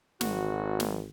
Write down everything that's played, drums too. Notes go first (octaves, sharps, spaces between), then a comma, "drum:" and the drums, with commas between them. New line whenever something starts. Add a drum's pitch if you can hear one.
G#1 F#4, drum: snare
drum: snare